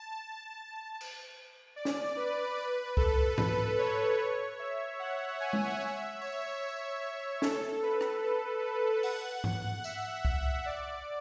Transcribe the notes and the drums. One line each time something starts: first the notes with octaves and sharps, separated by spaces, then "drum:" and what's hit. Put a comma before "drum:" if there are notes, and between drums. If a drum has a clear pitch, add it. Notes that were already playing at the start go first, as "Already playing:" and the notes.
Already playing: A5
drum: cymbal
D5
drum: snare
B4
B4
A4, drum: kick C2
B4, drum: tom G#2
C#5
C#5
E5
F#5
G#5
drum: tom G#3
E5
C#5
A4, drum: snare
B4
drum: rim click
A4
B4
F#5, drum: open hi-hat
F#5, drum: tom G#2
E5, drum: tambourine
E5, drum: kick C2
D5